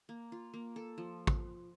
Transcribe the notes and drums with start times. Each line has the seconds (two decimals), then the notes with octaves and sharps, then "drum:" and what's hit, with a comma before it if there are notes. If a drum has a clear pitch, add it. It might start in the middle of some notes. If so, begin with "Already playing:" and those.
0.09 A#3
0.32 F4
0.54 A#3
0.76 A4
0.98 F3
1.27 drum: kick